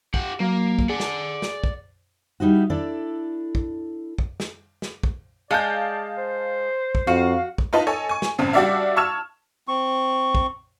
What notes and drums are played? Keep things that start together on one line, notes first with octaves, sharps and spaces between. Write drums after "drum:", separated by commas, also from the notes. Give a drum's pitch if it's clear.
G4 F#5, drum: kick
F#3 A#3
drum: kick
G#4 D5 F#5
drum: snare
drum: snare
drum: kick
G3 D#4 E4 F#4
D4 E4 A4 D5
drum: kick
drum: kick
drum: snare
drum: snare
drum: kick
G#3 D5 F5 A5 G6
C5
drum: kick
F2 F#4 F5
drum: kick
D#4 F4 B4 D#5 A5
A4 C#5 D#5 G#5
G#5 C#6
drum: snare
A1 G2 C#3 C4
G3 D4 F#4 D5 E5 F5
A5 C#6 E6 F6 G#6 E7
C4 C#6
drum: kick